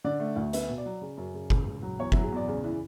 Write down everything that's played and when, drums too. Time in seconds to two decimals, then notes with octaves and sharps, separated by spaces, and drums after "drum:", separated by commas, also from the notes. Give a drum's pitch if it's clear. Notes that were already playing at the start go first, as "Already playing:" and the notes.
0.04 D3 D5
0.20 A3
0.36 D2
0.53 B3 E5, drum: hi-hat
0.69 B2
0.78 D5
0.86 F#3
1.02 C#3
1.17 F#2
1.34 C#3
1.50 C#2, drum: kick F#1
1.67 C#2
1.82 F#3
1.99 E2 C#5
2.12 F#3 E4, drum: kick F#1
2.23 G#4
2.32 E2 D5
2.48 C#3
2.64 E3